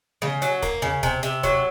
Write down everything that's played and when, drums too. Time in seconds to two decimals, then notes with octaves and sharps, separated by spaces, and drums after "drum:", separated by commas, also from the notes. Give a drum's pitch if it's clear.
0.22 C#3, drum: snare A3
0.42 F#3, drum: hi-hat
0.62 A#3, drum: kick, hi-hat
0.82 C#3, drum: tom D#2
1.03 C3, drum: kick, hi-hat
1.23 C3, drum: hi-hat
1.43 F#3, drum: kick, hi-hat